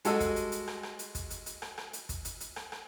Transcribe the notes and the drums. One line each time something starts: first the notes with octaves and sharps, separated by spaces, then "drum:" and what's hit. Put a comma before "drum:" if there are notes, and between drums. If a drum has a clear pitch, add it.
G3 G#3 F#4 A4 D#5 E6, drum: hi-hat
drum: kick, hi-hat
drum: hi-hat
drum: hi-hat
drum: rim click
drum: rim click
drum: hi-hat
drum: kick, hi-hat
drum: hi-hat
drum: hi-hat
drum: rim click
drum: rim click
drum: hi-hat
drum: kick, hi-hat
drum: hi-hat
drum: hi-hat
drum: rim click
drum: rim click